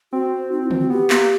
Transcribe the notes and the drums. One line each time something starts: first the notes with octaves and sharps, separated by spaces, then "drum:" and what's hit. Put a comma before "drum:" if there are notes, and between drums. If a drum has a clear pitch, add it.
C4 F#4
D#4
E4
F4, drum: tom D3
F#4
B3 G4
A#3, drum: clap